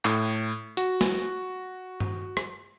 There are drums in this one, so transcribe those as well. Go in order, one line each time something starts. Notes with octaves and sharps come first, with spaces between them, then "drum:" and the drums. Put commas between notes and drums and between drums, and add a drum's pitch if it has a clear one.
A2, drum: clap
F#4, drum: hi-hat
drum: snare
drum: tom G2
drum: rim click